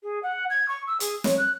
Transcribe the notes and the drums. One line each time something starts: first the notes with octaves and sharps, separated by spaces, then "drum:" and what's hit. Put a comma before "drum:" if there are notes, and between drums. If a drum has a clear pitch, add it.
G#4
F#5
G#6
C#6
E6
G#4, drum: hi-hat
C#5, drum: snare
F#6